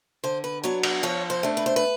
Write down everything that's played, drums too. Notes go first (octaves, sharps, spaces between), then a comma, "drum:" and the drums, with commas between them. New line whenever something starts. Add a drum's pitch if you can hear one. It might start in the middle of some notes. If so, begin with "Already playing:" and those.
D3 C5
B4
F#3 B3 D4 C#5
D5, drum: cymbal
F3 C#5
C5
A3 D4
B4
C5
B4